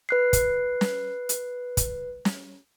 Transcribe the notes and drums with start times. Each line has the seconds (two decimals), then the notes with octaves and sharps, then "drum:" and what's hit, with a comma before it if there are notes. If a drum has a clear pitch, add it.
0.09 B4 F#6 C7
0.33 drum: kick, hi-hat
0.81 drum: snare
1.29 drum: hi-hat
1.77 drum: kick, hi-hat
2.25 drum: snare